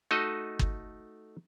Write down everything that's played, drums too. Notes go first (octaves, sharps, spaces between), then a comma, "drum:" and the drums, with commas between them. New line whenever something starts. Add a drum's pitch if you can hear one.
A3 D#4 F#4 A4 D#5
drum: kick G1